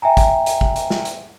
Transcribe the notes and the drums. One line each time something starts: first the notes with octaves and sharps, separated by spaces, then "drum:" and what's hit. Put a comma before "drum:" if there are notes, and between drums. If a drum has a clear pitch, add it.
E5 G5 G#5 A#5
drum: kick, hi-hat
drum: hi-hat
drum: kick
drum: hi-hat
drum: snare
drum: hi-hat